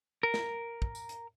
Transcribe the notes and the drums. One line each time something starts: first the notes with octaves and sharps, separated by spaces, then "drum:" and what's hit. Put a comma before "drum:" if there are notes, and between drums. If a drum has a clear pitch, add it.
A#4
drum: snare
drum: kick
drum: tambourine
drum: hi-hat